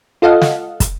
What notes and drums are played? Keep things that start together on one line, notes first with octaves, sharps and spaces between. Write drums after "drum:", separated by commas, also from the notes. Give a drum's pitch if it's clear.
F4 A4 D#5 F5 F#5
drum: snare
drum: kick, hi-hat